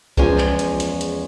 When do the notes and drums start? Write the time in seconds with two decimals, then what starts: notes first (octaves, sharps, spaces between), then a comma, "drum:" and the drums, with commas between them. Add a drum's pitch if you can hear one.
0.17 E2 F3 G#3 C#4 G#5, drum: kick C2
0.38 drum: clap
0.59 drum: hi-hat
0.80 drum: hi-hat
1.01 drum: hi-hat